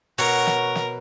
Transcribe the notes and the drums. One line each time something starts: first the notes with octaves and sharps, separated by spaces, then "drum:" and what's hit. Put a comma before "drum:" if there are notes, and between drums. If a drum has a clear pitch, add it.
B2 F#4 A#4 C#5, drum: open hi-hat
drum: snare
drum: snare